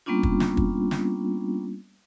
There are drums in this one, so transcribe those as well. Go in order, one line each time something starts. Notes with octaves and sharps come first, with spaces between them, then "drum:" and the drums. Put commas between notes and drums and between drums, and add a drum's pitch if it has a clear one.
G3 A#3 B3 C#4 D4 F4
drum: kick
drum: snare
drum: kick
drum: snare